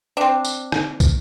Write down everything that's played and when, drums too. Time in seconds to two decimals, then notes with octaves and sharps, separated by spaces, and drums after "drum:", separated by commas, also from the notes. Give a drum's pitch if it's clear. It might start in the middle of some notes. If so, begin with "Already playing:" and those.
0.17 C4 D4
0.45 drum: tambourine
0.72 drum: rim click
1.00 drum: kick, tambourine